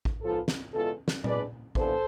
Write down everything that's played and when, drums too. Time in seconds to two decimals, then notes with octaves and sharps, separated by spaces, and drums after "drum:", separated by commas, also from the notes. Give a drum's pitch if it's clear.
0.05 drum: kick A1
0.22 G#2 F3 B3 F4 A4
0.48 drum: snare
0.73 E2 B2 G#3 F4 A4
1.08 drum: snare
1.24 B2 G#3 D4 B4 D5, drum: tom
1.75 F2 C3 E3 B3 D4 A4 C5, drum: kick A1